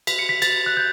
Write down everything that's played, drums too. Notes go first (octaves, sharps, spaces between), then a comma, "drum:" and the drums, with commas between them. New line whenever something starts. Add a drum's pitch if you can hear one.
B6, drum: cymbal
C#7
B6
A6, drum: cymbal
F#6
G6